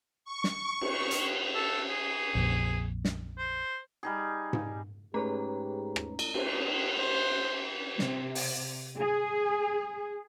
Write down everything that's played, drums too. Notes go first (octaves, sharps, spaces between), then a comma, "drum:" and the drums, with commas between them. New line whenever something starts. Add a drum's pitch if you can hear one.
C#6
drum: snare
drum: cymbal
drum: hi-hat
A4
G#4
A#1 F2 A#2
drum: snare
C5
G3 D#4 G#4
drum: tom G#2
G#2 A3 C#4 G4 G#4 B4 C#5 A#5
drum: rim click
drum: cymbal
drum: cymbal
C5
C3, drum: snare
drum: open hi-hat
G#4